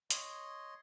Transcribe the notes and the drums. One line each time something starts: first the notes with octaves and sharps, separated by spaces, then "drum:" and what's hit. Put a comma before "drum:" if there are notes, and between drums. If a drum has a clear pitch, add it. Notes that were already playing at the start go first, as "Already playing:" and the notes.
C#5 D#5 C6, drum: hi-hat